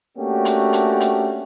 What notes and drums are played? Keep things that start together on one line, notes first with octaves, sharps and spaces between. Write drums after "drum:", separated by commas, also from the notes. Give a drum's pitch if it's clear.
A3 A#3 C#4 D4 F#4 G4
drum: hi-hat
drum: hi-hat
drum: hi-hat